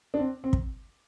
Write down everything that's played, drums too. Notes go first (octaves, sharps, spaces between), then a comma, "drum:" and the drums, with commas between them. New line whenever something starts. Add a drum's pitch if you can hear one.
D4
C4
C4
drum: kick